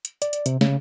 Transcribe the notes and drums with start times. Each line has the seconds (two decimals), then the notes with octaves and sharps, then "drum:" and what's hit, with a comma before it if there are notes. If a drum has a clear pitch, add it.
0.05 drum: hi-hat
0.22 D5, drum: hi-hat
0.33 drum: hi-hat
0.46 C3, drum: hi-hat
0.61 C#3, drum: snare